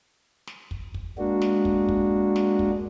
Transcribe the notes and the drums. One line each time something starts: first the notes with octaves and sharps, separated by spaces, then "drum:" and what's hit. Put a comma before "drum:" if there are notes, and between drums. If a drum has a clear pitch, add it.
drum: snare
drum: kick
drum: kick
G#3 A#3 D4 F#4
drum: snare
drum: kick
drum: kick
drum: snare
drum: kick